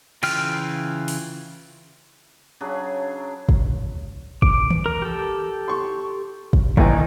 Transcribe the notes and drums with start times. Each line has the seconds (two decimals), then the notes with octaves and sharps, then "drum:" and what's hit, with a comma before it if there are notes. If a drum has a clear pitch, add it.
0.23 C#3 E3 F4 G5 F6, drum: cymbal
1.08 drum: open hi-hat
2.61 C#3 F#3 D4 G#4
3.49 drum: kick
4.42 D6, drum: kick
4.70 drum: tom D#3
4.86 A#4
5.02 G4 A4
5.68 C6 C#6
6.53 drum: kick
6.77 A#1 D#2 D#3 E3 D#4, drum: kick